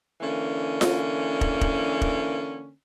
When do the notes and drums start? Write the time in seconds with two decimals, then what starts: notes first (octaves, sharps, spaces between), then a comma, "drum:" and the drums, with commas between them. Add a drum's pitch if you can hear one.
0.21 D3 E3 A#3 C#4
0.81 drum: snare F4
1.41 drum: kick
1.61 drum: kick
2.01 drum: kick